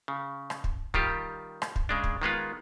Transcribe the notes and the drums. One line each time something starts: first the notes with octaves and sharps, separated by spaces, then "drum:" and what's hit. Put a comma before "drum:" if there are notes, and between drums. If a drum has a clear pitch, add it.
C#3
drum: rim click
drum: kick
D#3 G3 F4 G4, drum: kick
drum: rim click
drum: kick
C#3 G#3 D4
drum: kick
D#3 G#3 B3 F4